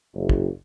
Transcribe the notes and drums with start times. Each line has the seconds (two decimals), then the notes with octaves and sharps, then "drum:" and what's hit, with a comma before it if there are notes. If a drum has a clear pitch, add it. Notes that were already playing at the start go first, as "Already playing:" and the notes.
0.15 F#1
0.29 drum: kick